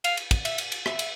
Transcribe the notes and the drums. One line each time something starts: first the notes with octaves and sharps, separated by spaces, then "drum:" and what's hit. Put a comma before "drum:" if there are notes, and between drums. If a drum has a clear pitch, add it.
F5, drum: cymbal
drum: cymbal
drum: kick, cymbal
E5, drum: cymbal
drum: cymbal
drum: cymbal
E5, drum: rim click
drum: cymbal